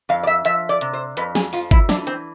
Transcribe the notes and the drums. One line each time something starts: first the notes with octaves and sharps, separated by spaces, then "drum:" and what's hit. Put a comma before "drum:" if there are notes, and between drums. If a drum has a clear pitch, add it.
F2 F5
D5
E5
F3 E5, drum: hi-hat
D5
C3, drum: hi-hat
C5
F2 B4, drum: hi-hat
G#4, drum: snare
F3 F4, drum: open hi-hat
E4, drum: kick G1, hi-hat
E3 D4, drum: snare
C4, drum: hi-hat